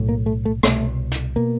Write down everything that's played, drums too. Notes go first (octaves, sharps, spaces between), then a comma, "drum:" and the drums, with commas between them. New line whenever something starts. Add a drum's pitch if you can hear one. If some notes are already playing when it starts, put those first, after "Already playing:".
Already playing: B1 A2
A#3
A3
A3
C2 B2 A3, drum: rim click
drum: hi-hat
B2 A#3